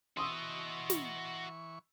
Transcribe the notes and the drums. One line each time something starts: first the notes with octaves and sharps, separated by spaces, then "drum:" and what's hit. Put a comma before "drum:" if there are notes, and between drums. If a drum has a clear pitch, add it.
E3 F#4 D#5 C6 C#6 D#6 E6
drum: snare